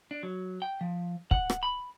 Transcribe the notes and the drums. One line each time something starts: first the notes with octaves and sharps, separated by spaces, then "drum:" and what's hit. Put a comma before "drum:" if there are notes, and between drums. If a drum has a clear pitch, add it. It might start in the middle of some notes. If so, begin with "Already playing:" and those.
D4
F#3
G5
F3
F#5, drum: kick
drum: rim click
B5